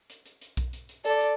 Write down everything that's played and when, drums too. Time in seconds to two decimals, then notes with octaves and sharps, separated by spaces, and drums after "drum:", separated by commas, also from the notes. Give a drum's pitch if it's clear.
0.10 drum: hi-hat
0.26 drum: hi-hat
0.41 drum: hi-hat
0.57 drum: kick B1, hi-hat
0.73 drum: hi-hat
0.89 drum: hi-hat
1.05 A4 D5, drum: hi-hat
1.21 drum: hi-hat